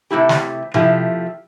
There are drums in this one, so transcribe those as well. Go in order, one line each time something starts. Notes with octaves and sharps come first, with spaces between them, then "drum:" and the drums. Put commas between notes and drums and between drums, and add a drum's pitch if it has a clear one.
C3 F3 A3 E4 G4
drum: snare
C3 F3 A3 E4 G4, drum: tom C3